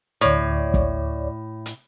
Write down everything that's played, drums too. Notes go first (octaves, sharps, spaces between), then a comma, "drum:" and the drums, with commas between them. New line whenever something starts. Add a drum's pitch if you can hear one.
D2 A2 C#5 D5
drum: kick
drum: hi-hat